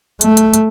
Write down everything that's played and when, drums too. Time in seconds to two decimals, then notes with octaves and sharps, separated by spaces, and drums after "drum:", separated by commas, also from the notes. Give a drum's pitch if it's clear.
0.21 A3, drum: hi-hat
0.37 drum: hi-hat
0.54 drum: hi-hat